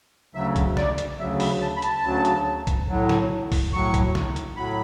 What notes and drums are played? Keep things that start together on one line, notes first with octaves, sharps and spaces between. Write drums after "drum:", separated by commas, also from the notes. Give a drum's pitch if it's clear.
D2 C#3 F#3 E5
drum: kick B1, hi-hat
D5, drum: snare
drum: hi-hat
D2 C#3 F#3 E5
B5, drum: open hi-hat
A5
B5
A5, drum: hi-hat
D2 C#3 F#3
drum: hi-hat
drum: kick B1, hi-hat
A2 F#3
drum: snare
drum: kick B1, open hi-hat
A2 F#3 C#6
drum: kick B1, hi-hat
drum: snare
drum: hi-hat
A2 F#3 B5